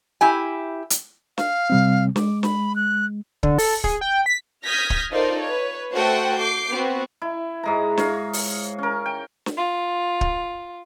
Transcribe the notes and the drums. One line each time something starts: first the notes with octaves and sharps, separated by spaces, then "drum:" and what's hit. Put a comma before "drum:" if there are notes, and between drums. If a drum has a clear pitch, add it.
E4 G4 G#5
drum: hi-hat
F5, drum: snare
C3 G3 C4
G#3 D6, drum: snare
B5, drum: snare
F#6
D3, drum: kick
A4, drum: open hi-hat
G#4, drum: kick
G5
B6
D#6 F6 G6 G#6 A#6 B6
drum: kick
D#4 F4 A4 A#4 C5 D5
B4 C#5
A3 F#4 A4 C5 F#5 G5
D6 G6 C7
B3 C4 F#4
E4
G#2 G#3 A#5
C#5 F5, drum: snare
drum: open hi-hat
C#4 A#4
G5
drum: snare
F4
drum: kick